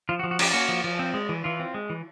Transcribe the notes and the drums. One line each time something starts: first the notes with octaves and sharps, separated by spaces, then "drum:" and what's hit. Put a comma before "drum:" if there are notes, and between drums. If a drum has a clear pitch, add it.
F3 F4
F#4
F3
F#4
C#4 G4, drum: cymbal
A#3 F#4
F3
F3
C4
G#3
E3
E3 F4
C4
G#3
E3